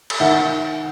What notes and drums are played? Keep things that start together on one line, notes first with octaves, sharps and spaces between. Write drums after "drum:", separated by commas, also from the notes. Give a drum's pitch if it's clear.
drum: cymbal
D#3 E5 F#5